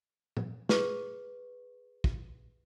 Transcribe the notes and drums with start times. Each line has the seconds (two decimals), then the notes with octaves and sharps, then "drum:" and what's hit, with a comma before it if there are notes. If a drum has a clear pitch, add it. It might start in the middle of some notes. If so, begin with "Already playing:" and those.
0.37 drum: tom
0.69 G#4 B4 C#6, drum: snare
2.04 drum: kick